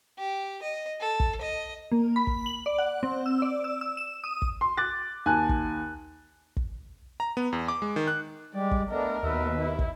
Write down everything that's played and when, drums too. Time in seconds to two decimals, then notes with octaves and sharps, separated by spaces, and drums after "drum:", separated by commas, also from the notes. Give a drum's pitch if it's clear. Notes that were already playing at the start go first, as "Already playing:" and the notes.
0.18 G4
0.62 D#5
1.00 A4
1.20 drum: kick
1.41 D#5
1.92 A#3
2.16 B5
2.27 drum: kick
2.46 F#7
2.66 D5
2.78 F#5
3.03 C4
3.26 E6
3.42 D5
3.64 E6
3.81 E6
3.97 E7
4.24 D#6
4.42 drum: kick
4.61 C6
4.77 D6 F#6 A6
5.26 D#2 G#5 A5 F#6
5.49 drum: kick
6.57 drum: kick
7.20 A#5
7.37 B3
7.52 E2
7.68 D6
7.82 G#3
7.96 D#3
8.07 F#6
8.54 G3 G#3 G4 D5
8.71 drum: kick
8.89 A3 B3 D4 A#4 D#5
9.23 D#2 B2 B4 E5
9.59 E4
9.79 drum: kick